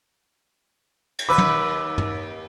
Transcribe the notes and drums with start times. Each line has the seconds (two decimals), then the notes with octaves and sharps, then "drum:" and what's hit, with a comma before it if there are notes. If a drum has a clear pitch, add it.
1.19 drum: cymbal
1.29 D#2 B4 B5 D6 E6
1.38 drum: tom
1.98 drum: tom